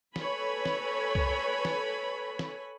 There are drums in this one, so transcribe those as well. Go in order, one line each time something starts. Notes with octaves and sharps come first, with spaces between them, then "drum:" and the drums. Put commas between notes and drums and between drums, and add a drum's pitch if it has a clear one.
A4 B4 C#5 G#5 B5, drum: snare
drum: snare
drum: kick C2
drum: snare
drum: snare